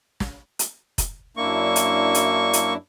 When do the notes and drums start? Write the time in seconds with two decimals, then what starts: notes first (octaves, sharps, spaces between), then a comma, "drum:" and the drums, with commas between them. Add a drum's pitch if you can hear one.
0.20 drum: snare
0.59 drum: hi-hat
0.98 drum: kick F1, hi-hat
1.37 F#2 A#3 D4 E4 C#6
1.76 drum: hi-hat
2.15 drum: hi-hat
2.53 drum: hi-hat